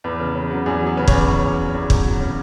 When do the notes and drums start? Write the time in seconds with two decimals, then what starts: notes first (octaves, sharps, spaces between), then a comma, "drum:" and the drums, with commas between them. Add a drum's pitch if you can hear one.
0.04 E2 B4
0.20 C#3
0.35 C#3
0.51 F#3
0.66 E2 G#4
0.82 F#3 G#4
0.97 C#3 B4
1.08 E2 G#4 C#5, drum: kick
1.28 E2
1.43 F#3
1.59 C#3
1.74 E2
1.90 F#3, drum: kick
2.05 F#3
2.21 C#3